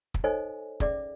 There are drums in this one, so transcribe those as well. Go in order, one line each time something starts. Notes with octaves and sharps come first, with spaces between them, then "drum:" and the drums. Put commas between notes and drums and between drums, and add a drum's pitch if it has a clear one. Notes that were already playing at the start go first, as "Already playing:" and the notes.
drum: kick
D#4 A4 C5 C#5 D#5 G#5
C#4 G#4 D5 E5 D6, drum: kick